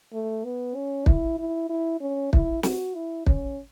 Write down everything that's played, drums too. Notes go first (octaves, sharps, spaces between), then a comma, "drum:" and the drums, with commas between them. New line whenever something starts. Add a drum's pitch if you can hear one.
A3
B3
C#4
E4, drum: kick
E4
E4
C#4
E4, drum: kick
F#4, drum: snare
E4
C#4, drum: kick